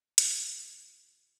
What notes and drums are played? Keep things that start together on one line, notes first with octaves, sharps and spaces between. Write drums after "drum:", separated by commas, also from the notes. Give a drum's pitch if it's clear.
F2 A2 C#3, drum: hi-hat